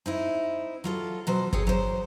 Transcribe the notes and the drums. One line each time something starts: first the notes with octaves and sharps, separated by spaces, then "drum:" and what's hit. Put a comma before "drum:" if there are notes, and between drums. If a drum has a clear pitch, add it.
C4 D#4 E4
F#3 F4 A4
B2 F#3 C5
G#4 A4 C#5 G5, drum: kick G1
F#3 C5